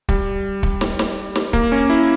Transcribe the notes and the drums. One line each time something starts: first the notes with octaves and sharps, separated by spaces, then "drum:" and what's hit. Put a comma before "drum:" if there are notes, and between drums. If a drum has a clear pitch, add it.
G3, drum: kick
drum: kick
drum: snare
drum: snare
drum: snare
A#3, drum: kick
C#4
E4